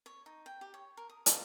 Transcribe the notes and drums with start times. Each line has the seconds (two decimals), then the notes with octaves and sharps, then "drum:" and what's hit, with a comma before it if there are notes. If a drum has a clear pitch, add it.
0.06 C#5
0.26 D#4
0.46 G5
0.61 G4
0.74 C#5
0.97 A#4
1.10 D#6
1.26 F4, drum: hi-hat